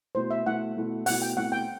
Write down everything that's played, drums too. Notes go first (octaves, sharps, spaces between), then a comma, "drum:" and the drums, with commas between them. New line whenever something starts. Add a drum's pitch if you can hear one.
B2 A3 E4 C5
E5
B2 A3 E4 F#5
B2 A3 E4
B2 A3 E4 F#5, drum: open hi-hat
G5
B2 A3 C4 E4 F#5
G5